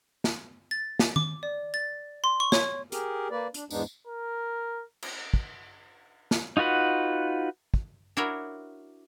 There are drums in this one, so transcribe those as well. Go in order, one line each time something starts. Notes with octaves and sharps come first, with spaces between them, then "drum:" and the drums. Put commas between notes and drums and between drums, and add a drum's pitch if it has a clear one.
drum: snare
A6
drum: snare
D6, drum: tom D#3
D5
A6
C6
C#6
C#5, drum: snare
G4 G#4 A#4, drum: hi-hat
A#3 B4 D5
D4, drum: hi-hat
E2 G#2 G#3 B3 D4 D#4, drum: tambourine
A#4
drum: cymbal
drum: kick
drum: snare
D#4 F4 F#4 B4 F#5
drum: kick
D4 E4 F#4 A#4 C#5